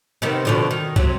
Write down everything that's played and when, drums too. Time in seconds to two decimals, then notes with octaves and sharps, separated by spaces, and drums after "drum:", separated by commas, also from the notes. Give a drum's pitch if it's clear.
0.22 C3 D#3 B3
0.45 B2 D3 F3
0.71 D#3
0.96 C3 F#3, drum: kick